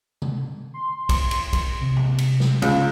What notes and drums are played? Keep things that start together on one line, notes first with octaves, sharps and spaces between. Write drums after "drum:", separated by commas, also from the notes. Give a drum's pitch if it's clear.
drum: tom C3
C6
drum: kick, cymbal
drum: cymbal
drum: kick, cymbal
C3
drum: tom
drum: cymbal
drum: snare
C#2, drum: cymbal